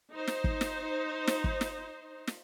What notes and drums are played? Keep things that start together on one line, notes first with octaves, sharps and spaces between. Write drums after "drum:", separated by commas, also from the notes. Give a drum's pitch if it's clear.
D#4 C5
drum: snare
drum: kick
drum: snare
drum: snare
drum: kick
drum: snare
drum: snare